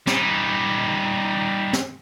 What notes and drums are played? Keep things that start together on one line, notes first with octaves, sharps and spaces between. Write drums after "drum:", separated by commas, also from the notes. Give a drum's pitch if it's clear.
G3 D#4, drum: snare
drum: snare